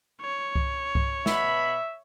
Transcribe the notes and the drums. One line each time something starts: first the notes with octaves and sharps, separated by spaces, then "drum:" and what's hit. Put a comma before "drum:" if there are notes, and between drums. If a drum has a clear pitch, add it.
C#5
drum: kick C2
drum: kick C2
B2 E5 B5, drum: snare